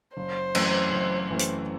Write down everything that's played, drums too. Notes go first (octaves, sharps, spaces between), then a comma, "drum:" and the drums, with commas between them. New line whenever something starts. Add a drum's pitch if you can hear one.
F#1 C5
F#2 E3 A3 C4, drum: cymbal
F#1
F#2 E3 A3 C4
drum: hi-hat